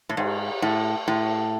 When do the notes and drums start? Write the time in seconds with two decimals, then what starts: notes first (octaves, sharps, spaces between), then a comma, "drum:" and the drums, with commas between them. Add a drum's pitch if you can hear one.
0.09 A2
0.17 G#2, drum: cymbal
0.62 A2
1.08 A2